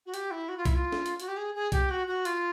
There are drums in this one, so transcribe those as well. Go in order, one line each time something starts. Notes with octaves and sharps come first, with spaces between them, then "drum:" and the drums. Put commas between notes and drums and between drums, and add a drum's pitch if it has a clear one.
F#4
G4, drum: hi-hat
E4
F#4
F4
E4, drum: kick B1, hi-hat
F4
drum: snare
drum: hi-hat
F#4, drum: hi-hat
G4
G#4
G#4
G4, drum: kick B1, hi-hat
F#4
F#4
F4, drum: hi-hat